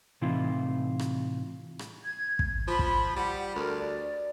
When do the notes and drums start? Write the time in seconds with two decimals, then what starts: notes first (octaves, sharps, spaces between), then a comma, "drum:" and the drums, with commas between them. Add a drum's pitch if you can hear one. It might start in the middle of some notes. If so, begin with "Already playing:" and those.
0.21 A2 C3 E3 D#4 F4
0.99 drum: rim click
1.79 drum: rim click
2.04 G#6
2.39 drum: kick
2.68 F3 B5
2.79 drum: kick
3.16 G3 F#5
3.55 D2 A#4
3.79 D5